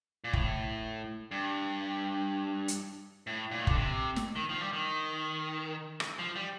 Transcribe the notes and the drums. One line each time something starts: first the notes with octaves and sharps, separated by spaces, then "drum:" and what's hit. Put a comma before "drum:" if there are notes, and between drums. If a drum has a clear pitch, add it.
A#2
A2, drum: kick
G2
drum: hi-hat
A2
A#2
D#3
D3, drum: kick
C3
drum: snare
D#3
F3
G3
D#3
drum: rim click
F3
G3